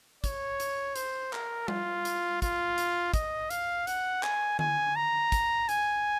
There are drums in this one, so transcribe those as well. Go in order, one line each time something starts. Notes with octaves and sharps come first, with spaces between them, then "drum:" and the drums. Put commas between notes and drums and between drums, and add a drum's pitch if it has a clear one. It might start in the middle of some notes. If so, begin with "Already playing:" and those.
C#5, drum: kick, hi-hat
drum: hi-hat
C5, drum: hi-hat
A#4, drum: clap
F4, drum: tom G3
drum: hi-hat
F4, drum: kick, hi-hat
drum: hi-hat
D#5, drum: kick, hi-hat
F5, drum: hi-hat
F#5, drum: hi-hat
G#5, drum: clap
G#5, drum: tom D3
A#5
drum: kick, hi-hat
G#5, drum: hi-hat